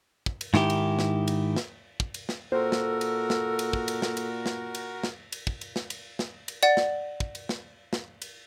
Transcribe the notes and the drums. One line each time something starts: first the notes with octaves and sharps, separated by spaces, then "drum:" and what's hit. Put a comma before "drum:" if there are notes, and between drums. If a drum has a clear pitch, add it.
drum: kick
drum: cymbal
G#2 D#3 E4 G4, drum: snare
drum: cymbal
drum: snare
drum: cymbal
drum: snare
drum: kick
drum: cymbal
drum: snare
A#2 F#4 A4 A#4 C5
drum: snare
drum: cymbal
drum: snare
drum: cymbal
drum: kick
drum: cymbal
drum: snare
drum: cymbal
drum: snare
drum: cymbal
drum: snare
drum: cymbal
drum: kick
drum: cymbal
drum: snare
drum: cymbal
drum: snare
drum: cymbal
D5 F#5 A6
drum: snare
drum: kick
drum: cymbal
drum: snare
drum: snare
drum: cymbal